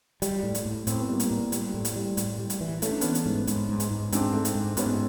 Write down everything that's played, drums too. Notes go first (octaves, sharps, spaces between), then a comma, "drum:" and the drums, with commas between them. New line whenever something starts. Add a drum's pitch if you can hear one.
G3, drum: hi-hat
A2
drum: hi-hat
A2
A2 C4, drum: hi-hat
B3
G3 A#3 C4
drum: hi-hat
A2
G3, drum: hi-hat
A2
drum: hi-hat
G3
A2, drum: hi-hat
G3
drum: hi-hat
E3
A3 C#4, drum: hi-hat
D4
E3 B3 C#4, drum: hi-hat
drum: hi-hat
G#2
G#2, drum: hi-hat
G#2
drum: hi-hat
G#2
G#2 C4 D4, drum: hi-hat
A3
drum: hi-hat
G#2
G#2 B3 C#4, drum: hi-hat